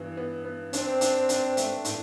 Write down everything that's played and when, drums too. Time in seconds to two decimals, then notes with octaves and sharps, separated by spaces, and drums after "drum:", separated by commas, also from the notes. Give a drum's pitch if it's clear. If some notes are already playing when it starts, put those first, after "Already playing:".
Already playing: G2 E3 B3
0.17 B3
0.45 B3
0.73 C4 D4, drum: hi-hat
1.01 D4, drum: hi-hat
1.29 D4, drum: hi-hat
1.57 A3, drum: hi-hat
1.85 A2, drum: hi-hat